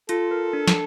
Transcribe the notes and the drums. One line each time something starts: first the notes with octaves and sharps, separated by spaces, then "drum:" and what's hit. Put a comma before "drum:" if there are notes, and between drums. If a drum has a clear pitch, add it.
F4 A4, drum: hi-hat
A#4
D4
drum: snare